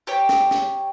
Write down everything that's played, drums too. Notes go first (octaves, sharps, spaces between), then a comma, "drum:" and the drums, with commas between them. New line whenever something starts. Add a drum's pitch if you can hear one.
G4 C#5
drum: snare
drum: snare